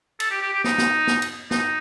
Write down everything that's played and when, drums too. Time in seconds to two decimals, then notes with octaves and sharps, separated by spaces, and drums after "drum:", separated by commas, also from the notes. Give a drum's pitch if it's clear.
0.20 A4, drum: cymbal
0.31 G4
0.42 G4
0.53 G4
0.64 D#4, drum: snare
0.78 drum: snare
1.07 drum: snare
1.22 drum: cymbal
1.51 D#4, drum: snare